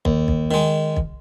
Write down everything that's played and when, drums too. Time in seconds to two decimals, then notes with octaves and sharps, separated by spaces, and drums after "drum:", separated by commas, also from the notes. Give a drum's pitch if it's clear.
0.05 D#2, drum: kick
0.28 drum: kick
0.51 D#3 G#3
0.96 drum: kick